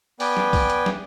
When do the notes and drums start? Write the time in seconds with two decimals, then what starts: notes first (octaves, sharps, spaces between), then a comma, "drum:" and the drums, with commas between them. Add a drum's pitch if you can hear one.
0.20 B3 B4 D5 G5 G#5, drum: open hi-hat
0.37 drum: snare
0.53 drum: kick, open hi-hat
0.70 drum: hi-hat
0.86 drum: snare